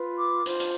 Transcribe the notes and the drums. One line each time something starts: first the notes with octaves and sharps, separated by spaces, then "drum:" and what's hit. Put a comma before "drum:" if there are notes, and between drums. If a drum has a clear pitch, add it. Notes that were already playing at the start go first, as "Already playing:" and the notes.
Already playing: F4 B4
D6
F4 C5, drum: hi-hat
drum: hi-hat